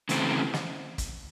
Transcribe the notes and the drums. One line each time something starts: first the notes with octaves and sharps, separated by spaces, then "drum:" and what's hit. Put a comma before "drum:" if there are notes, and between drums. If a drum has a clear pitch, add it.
C#3 E3 A3 C4, drum: hi-hat
drum: snare
drum: kick, hi-hat